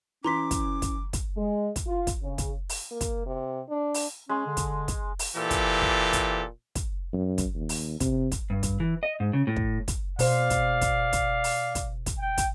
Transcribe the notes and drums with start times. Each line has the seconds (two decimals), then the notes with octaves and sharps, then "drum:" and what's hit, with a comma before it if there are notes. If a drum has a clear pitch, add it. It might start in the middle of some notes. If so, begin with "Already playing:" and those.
0.24 E3 C#4 A#5 C6 D6 B6
0.51 drum: kick, hi-hat
0.82 drum: kick, hi-hat
1.13 drum: kick, hi-hat
1.37 G#3
1.76 drum: kick, hi-hat
1.87 F4
2.07 drum: kick, hi-hat
2.23 C#3
2.38 drum: kick, hi-hat
2.69 drum: open hi-hat
2.91 A#3
3.01 drum: kick, hi-hat
3.26 C3
3.70 D4
3.94 drum: open hi-hat
4.29 G#3 C#4 C6
4.47 D3
4.57 drum: kick, hi-hat
4.88 drum: kick, hi-hat
5.19 drum: open hi-hat
5.37 A#2 E3 G4 A4
5.50 drum: kick, hi-hat
5.82 drum: kick
6.13 drum: kick, hi-hat
6.75 drum: kick, hi-hat
7.13 F#2
7.38 drum: kick, hi-hat
7.55 D#2
7.69 drum: open hi-hat
8.00 C3, drum: kick, hi-hat
8.32 drum: kick, hi-hat
8.50 G2
8.63 drum: kick, hi-hat
8.80 E3
9.03 D#5
9.20 G#2
9.33 C#3
9.47 A2
9.56 drum: kick
9.88 drum: kick, hi-hat
10.19 B2 C5 D5 F5, drum: open hi-hat
10.50 drum: kick, hi-hat
10.81 drum: kick, hi-hat
11.13 drum: kick, hi-hat
11.44 drum: open hi-hat
11.75 drum: kick, hi-hat
12.06 drum: kick, hi-hat
12.19 G5
12.38 drum: kick, hi-hat